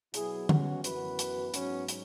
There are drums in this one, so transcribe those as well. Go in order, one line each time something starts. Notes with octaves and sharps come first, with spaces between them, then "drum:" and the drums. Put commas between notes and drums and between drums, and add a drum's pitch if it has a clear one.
B2 F#3 B3 E4 G#4, drum: hi-hat
C#4 F#4, drum: tom D3
F#2 E3 B3 F#4 B4, drum: hi-hat
drum: hi-hat
G#2 F#3 B3 C#4 F#4, drum: hi-hat
drum: hi-hat